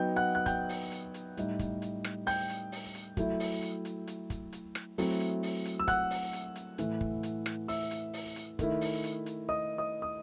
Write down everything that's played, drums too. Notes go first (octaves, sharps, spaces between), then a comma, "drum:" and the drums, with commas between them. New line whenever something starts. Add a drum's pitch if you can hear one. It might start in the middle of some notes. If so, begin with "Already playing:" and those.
Already playing: F#3 B3 D#4 G5 G6
F#5 F#6
F#6
G5 G6, drum: kick, hi-hat
drum: open hi-hat
drum: hi-hat
drum: hi-hat
A2 G3 D#4, drum: hi-hat
drum: kick, hi-hat
drum: hi-hat
drum: rim click
G5 G6, drum: open hi-hat
drum: hi-hat
drum: open hi-hat
drum: hi-hat
F#3 A3 E4, drum: kick, hi-hat
drum: open hi-hat
drum: hi-hat
drum: hi-hat
drum: hi-hat
drum: kick, hi-hat
drum: hi-hat
drum: rim click
F#3 A3 C4 E4, drum: open hi-hat
drum: hi-hat
drum: open hi-hat
drum: hi-hat
E6
F#5 F#6, drum: kick, hi-hat
drum: open hi-hat
drum: hi-hat
drum: hi-hat
A2 E3 A3, drum: hi-hat
drum: kick
drum: hi-hat
drum: rim click
E5 E6, drum: open hi-hat
drum: hi-hat
drum: open hi-hat
drum: hi-hat
D#3 A3 E4, drum: kick, hi-hat
drum: open hi-hat
drum: hi-hat
drum: hi-hat
D#5 D#6
D#5 D#6
D#6